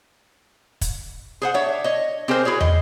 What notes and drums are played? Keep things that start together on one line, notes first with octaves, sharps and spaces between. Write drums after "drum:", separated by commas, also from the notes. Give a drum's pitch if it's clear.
drum: kick, hi-hat
G#4 C5 F#5
D4 C#5 E5
C#5 D#5
C4 G4 G#4 A#4 C5
E4 F#4 G#4 C#5
D#5, drum: tom